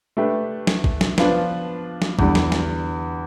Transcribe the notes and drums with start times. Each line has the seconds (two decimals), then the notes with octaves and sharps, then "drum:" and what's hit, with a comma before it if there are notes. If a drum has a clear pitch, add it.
0.17 A3 D4 G4 B4
0.67 drum: snare
0.84 drum: kick
1.01 drum: snare
1.18 F3 B3 D4 F4 B4, drum: snare
2.02 drum: snare
2.19 E2 D3 G3, drum: kick
2.35 drum: snare
2.52 drum: snare